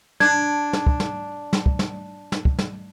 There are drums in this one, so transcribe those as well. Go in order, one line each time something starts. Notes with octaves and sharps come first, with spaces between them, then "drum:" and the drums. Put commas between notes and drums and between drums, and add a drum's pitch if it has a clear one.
D4 G#6, drum: snare
drum: snare
drum: kick
drum: snare
drum: snare
drum: kick
drum: snare
drum: snare
drum: kick
drum: snare